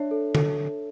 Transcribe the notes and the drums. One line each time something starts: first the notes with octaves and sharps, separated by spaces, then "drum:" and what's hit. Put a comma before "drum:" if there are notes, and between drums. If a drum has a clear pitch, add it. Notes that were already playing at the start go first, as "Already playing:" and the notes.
Already playing: D4 C#5 E5
A4
A4, drum: tom D3